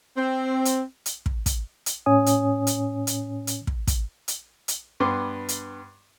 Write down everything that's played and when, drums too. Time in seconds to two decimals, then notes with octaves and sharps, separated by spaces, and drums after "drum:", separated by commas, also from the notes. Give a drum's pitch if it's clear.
0.17 C4
0.65 drum: hi-hat
1.06 drum: hi-hat
1.26 drum: kick
1.46 drum: kick, hi-hat
1.86 drum: hi-hat
2.06 A2 C#4 C#5 G#5 D#6
2.26 drum: hi-hat
2.67 drum: hi-hat
3.07 drum: hi-hat
3.47 drum: hi-hat
3.67 drum: kick
3.87 drum: kick, hi-hat
4.28 drum: hi-hat
4.68 drum: hi-hat
5.00 G2 B3 C6 D6
5.49 drum: hi-hat